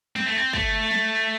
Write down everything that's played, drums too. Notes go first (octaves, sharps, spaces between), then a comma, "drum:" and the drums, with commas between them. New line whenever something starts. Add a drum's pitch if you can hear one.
C4, drum: snare
A3
C4
A3, drum: kick
drum: snare